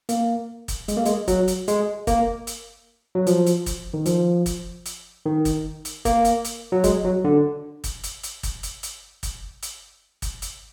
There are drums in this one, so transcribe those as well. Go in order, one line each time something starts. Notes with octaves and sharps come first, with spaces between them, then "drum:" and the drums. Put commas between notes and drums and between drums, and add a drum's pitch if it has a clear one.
A#3, drum: hi-hat
drum: kick, hi-hat
G#3, drum: hi-hat
A#3
G#3, drum: hi-hat
F#3, drum: kick, hi-hat
drum: hi-hat
G#3, drum: hi-hat
A#3, drum: kick, hi-hat
drum: hi-hat
F#3
F3, drum: hi-hat
drum: hi-hat
drum: kick, hi-hat
D#3
F3, drum: hi-hat
drum: kick, hi-hat
drum: hi-hat
D#3
drum: kick, hi-hat
drum: hi-hat
A#3, drum: kick, hi-hat
drum: hi-hat
drum: hi-hat
F#3
G#3, drum: kick, hi-hat
F#3
D3
drum: kick, hi-hat
drum: hi-hat
drum: hi-hat
drum: kick, hi-hat
drum: hi-hat
drum: hi-hat
drum: kick, hi-hat
drum: hi-hat
drum: kick, hi-hat
drum: hi-hat